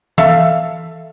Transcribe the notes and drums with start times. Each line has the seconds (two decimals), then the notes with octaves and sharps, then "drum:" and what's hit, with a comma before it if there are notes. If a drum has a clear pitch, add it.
0.18 A4 E5 F5, drum: tom E3